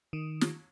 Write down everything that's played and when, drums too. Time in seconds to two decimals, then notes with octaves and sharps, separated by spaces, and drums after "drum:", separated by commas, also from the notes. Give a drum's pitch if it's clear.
0.13 D#3
0.41 drum: snare